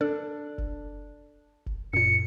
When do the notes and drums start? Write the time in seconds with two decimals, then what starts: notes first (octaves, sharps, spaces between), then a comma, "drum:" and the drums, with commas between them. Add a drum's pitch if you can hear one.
0.01 D4 A4
0.58 drum: kick F1
1.66 drum: kick F1
1.93 F#2 A#2 C#7